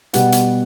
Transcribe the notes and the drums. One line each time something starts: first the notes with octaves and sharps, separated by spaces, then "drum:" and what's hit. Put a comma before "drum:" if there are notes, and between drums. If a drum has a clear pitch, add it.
B2 G3 B3 F#5, drum: hi-hat
drum: hi-hat